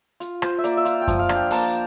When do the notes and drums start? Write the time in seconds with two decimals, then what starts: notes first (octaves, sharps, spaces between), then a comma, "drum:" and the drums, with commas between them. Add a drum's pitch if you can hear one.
0.20 F4, drum: hi-hat
0.42 F4 C5, drum: rim click
0.58 E5
0.64 A#3 D5, drum: hi-hat
0.77 E5
0.85 F4 F5, drum: hi-hat
1.02 G5
1.08 F3, drum: kick F#2, hi-hat
1.19 F5
1.29 D4, drum: rim click
1.35 G5
1.51 A#3 A5, drum: open hi-hat